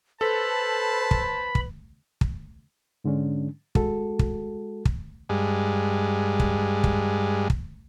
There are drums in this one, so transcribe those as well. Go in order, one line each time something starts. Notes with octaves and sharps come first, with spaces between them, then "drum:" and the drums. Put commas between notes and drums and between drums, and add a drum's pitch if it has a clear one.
A4 B4 C5 A5 B5
drum: kick
drum: kick
drum: kick
G#2 D3 G#3 C#4 D4
G#3 F#4 A4, drum: kick
drum: kick
drum: kick
G2 G#3
drum: kick
drum: kick
drum: kick